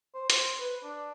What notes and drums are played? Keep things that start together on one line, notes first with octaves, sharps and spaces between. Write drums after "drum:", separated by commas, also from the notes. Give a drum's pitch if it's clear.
C5
C5, drum: hi-hat
B4
D4